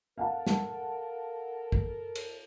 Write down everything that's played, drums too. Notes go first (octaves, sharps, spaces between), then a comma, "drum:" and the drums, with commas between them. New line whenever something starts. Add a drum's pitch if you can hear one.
A4 A#4 F5 F#5 A5
drum: snare
drum: kick
drum: cymbal